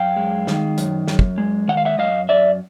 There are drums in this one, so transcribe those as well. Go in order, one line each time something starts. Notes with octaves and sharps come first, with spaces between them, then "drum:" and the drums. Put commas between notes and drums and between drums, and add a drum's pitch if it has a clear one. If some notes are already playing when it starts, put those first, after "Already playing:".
Already playing: F#2 F5 G5
G#3
D#3, drum: snare
F#2, drum: hi-hat
F#2, drum: snare
drum: kick
G#3
D#3 F#5
F5
E5 F#5
F#2 D#5 F5
F#2 D5 E5